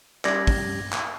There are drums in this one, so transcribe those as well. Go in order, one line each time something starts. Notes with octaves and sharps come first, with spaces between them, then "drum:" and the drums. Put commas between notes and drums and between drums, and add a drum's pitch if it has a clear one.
G3 C#4 G4 D5 G#6 A#6, drum: clap
drum: kick, open hi-hat
drum: clap